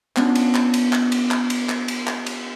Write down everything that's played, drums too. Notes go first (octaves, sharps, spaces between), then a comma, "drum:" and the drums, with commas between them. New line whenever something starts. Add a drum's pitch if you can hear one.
B3 C#4 D4 F4, drum: clap
drum: cymbal
drum: clap
drum: cymbal
drum: clap
drum: cymbal
drum: clap
drum: cymbal
drum: clap
drum: cymbal
drum: clap
drum: cymbal